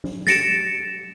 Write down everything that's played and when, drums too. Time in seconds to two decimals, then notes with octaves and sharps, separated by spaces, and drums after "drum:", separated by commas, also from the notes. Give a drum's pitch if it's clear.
0.04 drum: tom F#3
0.27 A6 A#6 C#7 D7 E7, drum: snare